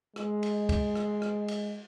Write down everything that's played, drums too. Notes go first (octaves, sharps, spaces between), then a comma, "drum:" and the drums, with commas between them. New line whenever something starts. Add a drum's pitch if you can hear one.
G#3, drum: rim click
drum: cymbal
drum: kick, cymbal
drum: rim click
drum: rim click
drum: cymbal